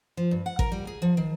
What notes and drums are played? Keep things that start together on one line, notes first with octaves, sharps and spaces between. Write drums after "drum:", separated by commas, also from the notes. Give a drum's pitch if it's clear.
F3
G2
F#5
A#4, drum: kick A1
G3
G#4
F3
D#3